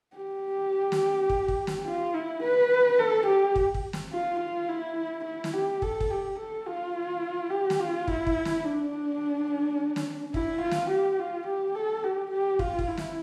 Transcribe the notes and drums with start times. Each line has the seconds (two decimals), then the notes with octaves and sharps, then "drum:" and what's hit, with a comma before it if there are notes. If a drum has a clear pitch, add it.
0.17 G4
0.92 drum: snare
1.30 drum: kick
1.48 drum: kick
1.67 drum: snare
1.86 F4
2.14 E4
2.43 B4
2.99 A4
3.27 G4
3.56 drum: kick
3.74 drum: kick
3.93 drum: snare
4.13 F4
4.40 F4
4.69 E4
5.25 E4
5.44 drum: snare
5.53 G4
5.82 A4, drum: kick
6.00 drum: kick
6.10 G4
6.39 A4
6.67 F4
7.51 G4
7.70 drum: snare
7.80 F4
8.08 E4, drum: kick
8.27 drum: kick
8.45 drum: snare
8.64 D4
9.96 drum: snare
10.34 E4, drum: kick
10.62 F4
10.71 drum: snare
10.90 G4
11.19 F4
11.47 G4
11.75 A4
12.04 G4
12.31 G4
12.59 F4, drum: kick
12.79 drum: kick
12.88 E4
12.97 drum: snare